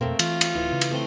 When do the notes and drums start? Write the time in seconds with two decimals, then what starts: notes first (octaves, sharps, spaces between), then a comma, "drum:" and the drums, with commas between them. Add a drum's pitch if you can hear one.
0.01 F2 B2 A3 A#3 C4
0.19 E3 F4, drum: cymbal
0.41 drum: cymbal
0.55 D1 E3
0.72 C#3
0.81 drum: cymbal
0.91 A3 C4 C6